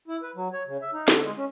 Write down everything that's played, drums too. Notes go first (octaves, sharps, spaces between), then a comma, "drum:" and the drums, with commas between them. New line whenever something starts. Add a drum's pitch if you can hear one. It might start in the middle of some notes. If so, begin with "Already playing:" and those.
E4
B4
F#3
C#5
C#3
E5
D#4
D3, drum: snare
G#3
C#4